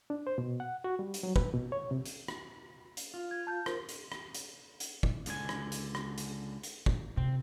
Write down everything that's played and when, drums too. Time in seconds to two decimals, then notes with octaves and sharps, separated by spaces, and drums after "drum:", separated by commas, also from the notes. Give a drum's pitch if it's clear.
0.10 D4
0.27 C5
0.38 B2
0.60 F#5
0.84 F#4
0.99 G3
1.14 drum: hi-hat
1.23 F#3
1.36 B4, drum: kick
1.53 B2
1.72 C#5
1.91 C3
2.06 drum: hi-hat
2.28 drum: rim click
2.97 drum: hi-hat
3.14 F4
3.31 G#6
3.47 A5 G6
3.66 F4 A#4 C5, drum: rim click
3.89 drum: hi-hat
4.12 drum: rim click
4.35 drum: hi-hat
4.80 drum: hi-hat
5.03 drum: kick
5.26 C#2 D3 G#5, drum: hi-hat
5.49 drum: rim click
5.72 drum: hi-hat
5.95 drum: rim click
6.18 drum: hi-hat
6.63 drum: hi-hat
6.86 drum: kick
7.17 C3 C4